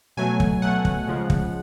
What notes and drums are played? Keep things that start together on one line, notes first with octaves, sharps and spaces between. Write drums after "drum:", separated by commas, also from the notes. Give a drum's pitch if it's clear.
B2 F#3 A3 G#5
drum: kick
B2 F#3 A3 F#5
drum: kick
C#3 F3 G#3
drum: kick